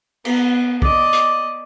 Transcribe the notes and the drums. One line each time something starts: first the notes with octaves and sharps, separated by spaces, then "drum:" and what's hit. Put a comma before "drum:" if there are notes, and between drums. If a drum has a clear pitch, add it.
B3, drum: cymbal
D5 D#5, drum: kick
drum: hi-hat